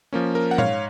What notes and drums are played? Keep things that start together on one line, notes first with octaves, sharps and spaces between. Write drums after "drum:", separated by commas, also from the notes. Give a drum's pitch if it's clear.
F3 A#3 C#4
A#4
F#5
G#2 C#5 F5, drum: tom A#2